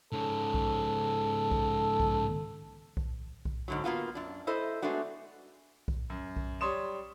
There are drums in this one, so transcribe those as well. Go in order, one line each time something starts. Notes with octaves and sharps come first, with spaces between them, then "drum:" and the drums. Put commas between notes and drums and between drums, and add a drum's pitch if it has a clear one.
G#2 C#3 A4
drum: kick B1
drum: kick B1
drum: kick B1
drum: kick B1
drum: kick B1
G#2 D3 F#3
A#3 B3 F4 F#4
F#2 D4
E4 A4 C5 D#5
G#3 A3 B3 D4 F#4
drum: kick B1
F#2
drum: kick B1
G3 C#5 C6 D#6 E7